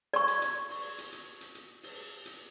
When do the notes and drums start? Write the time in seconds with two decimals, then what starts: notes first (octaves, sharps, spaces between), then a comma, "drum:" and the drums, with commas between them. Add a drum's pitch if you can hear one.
0.14 D5 C#6
0.28 drum: hi-hat
0.42 drum: hi-hat
0.70 drum: open hi-hat
0.98 drum: hi-hat
1.12 drum: hi-hat
1.41 drum: hi-hat
1.55 drum: hi-hat
1.83 drum: open hi-hat
2.26 drum: hi-hat